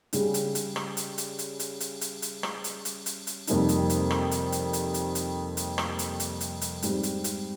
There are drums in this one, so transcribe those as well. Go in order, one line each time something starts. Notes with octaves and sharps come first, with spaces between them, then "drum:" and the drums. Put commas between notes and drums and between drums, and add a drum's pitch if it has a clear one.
C#3 G3 C#4 G#4, drum: hi-hat
drum: hi-hat
drum: hi-hat
drum: rim click
drum: hi-hat
drum: hi-hat
drum: hi-hat
drum: hi-hat
drum: hi-hat
drum: hi-hat
drum: hi-hat
drum: rim click
drum: hi-hat
drum: hi-hat
drum: hi-hat
drum: hi-hat
F2 C3 G3 A#3 D#4, drum: hi-hat
drum: hi-hat
drum: hi-hat
drum: rim click
drum: hi-hat
drum: hi-hat
drum: hi-hat
drum: hi-hat
drum: hi-hat
drum: hi-hat
drum: rim click
drum: hi-hat
drum: hi-hat
drum: hi-hat
drum: hi-hat
G#2 G3 C4, drum: hi-hat
drum: hi-hat
drum: hi-hat